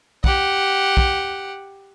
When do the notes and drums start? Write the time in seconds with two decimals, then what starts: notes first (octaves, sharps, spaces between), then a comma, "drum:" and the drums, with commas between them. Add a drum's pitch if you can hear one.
0.24 G4 F#5, drum: kick
0.97 drum: kick